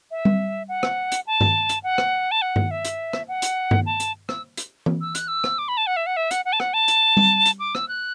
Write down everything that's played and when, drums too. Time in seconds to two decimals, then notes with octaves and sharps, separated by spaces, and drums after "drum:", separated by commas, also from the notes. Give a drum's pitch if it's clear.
0.11 E5
0.25 drum: tom G3
0.68 F#5
0.83 drum: rim click
1.12 drum: hi-hat
1.27 A5
1.41 drum: tom G2
1.69 drum: hi-hat
1.83 F#5
1.98 drum: rim click
2.31 A5
2.42 F#5
2.56 drum: tom G2
2.71 E5
2.85 drum: hi-hat
3.13 drum: rim click
3.28 F#5
3.42 drum: hi-hat
3.71 drum: tom G2
3.86 A5
4.00 drum: hi-hat
4.29 E6, drum: rim click
4.57 drum: hi-hat
4.86 drum: tom E3
5.01 E6
5.15 F#6, drum: hi-hat
5.28 E6
5.44 drum: rim click
5.58 D6
5.68 B5
5.77 A5
5.87 F#5
5.96 E5
6.06 F#5
6.16 E5
6.31 F#5, drum: hi-hat
6.45 F#5
6.53 A5
6.60 F#5, drum: rim click
6.74 A5
6.88 drum: hi-hat
7.17 drum: tom G3
7.46 drum: hi-hat
7.59 D6
7.75 E6, drum: rim click
7.88 F#6